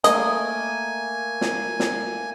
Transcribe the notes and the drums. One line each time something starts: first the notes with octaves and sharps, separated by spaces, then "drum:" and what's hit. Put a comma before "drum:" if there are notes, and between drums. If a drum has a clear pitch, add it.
A3 A#3 D#5 G5 G#5, drum: hi-hat
drum: snare
drum: snare